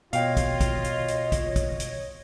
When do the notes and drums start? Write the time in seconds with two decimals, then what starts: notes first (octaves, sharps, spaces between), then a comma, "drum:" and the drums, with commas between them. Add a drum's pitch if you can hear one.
0.13 B2 F4 C#5 D#5 F5 G5, drum: hi-hat
0.37 drum: kick, hi-hat
0.61 drum: kick, hi-hat
0.84 drum: hi-hat
1.08 drum: hi-hat
1.32 drum: kick, hi-hat
1.56 drum: kick, hi-hat
1.80 drum: hi-hat